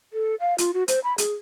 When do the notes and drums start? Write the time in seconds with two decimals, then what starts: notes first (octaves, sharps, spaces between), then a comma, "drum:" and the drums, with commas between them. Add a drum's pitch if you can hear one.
0.13 A4
0.40 F5
0.58 F4, drum: hi-hat
0.74 F#4
0.88 C5, drum: hi-hat
1.04 B5
1.18 G#4, drum: hi-hat